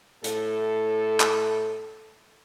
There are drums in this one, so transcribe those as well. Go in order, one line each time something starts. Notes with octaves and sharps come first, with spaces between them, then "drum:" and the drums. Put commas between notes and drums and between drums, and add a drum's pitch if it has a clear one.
A2 A4, drum: hi-hat
drum: clap